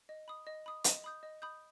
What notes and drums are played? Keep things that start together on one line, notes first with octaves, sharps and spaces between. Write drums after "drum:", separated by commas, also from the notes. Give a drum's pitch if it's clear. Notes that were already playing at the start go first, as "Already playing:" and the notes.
D#5
B5 D#6
D#5
B5 D#6
D#5, drum: hi-hat
B5 D#6 G6
D#5
B5 D#6 G6